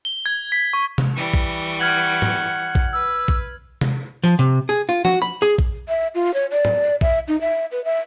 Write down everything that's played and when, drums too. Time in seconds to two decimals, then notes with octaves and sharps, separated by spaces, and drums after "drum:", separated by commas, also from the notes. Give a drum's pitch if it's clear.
0.05 G7
0.26 G#6
0.52 B6
0.73 C#6
0.98 drum: tom C3
1.14 E3 G3 C#6
1.34 drum: kick A#1
1.80 F#5 F6 G#6 F#7
2.22 drum: tom
2.75 drum: kick A#1
2.93 B4 E6
3.28 drum: kick A#1
3.81 drum: tom C3
4.24 F3
4.39 C3
4.69 G#4
4.89 F4
5.05 F#4, drum: tom
5.22 B5
5.42 G#4
5.58 drum: kick A#1
5.89 E5
6.15 F4
6.34 C#5
6.51 D5
6.65 drum: tom
7.01 E5, drum: kick A#1
7.28 D#4
7.41 E5
7.72 B4
7.85 E5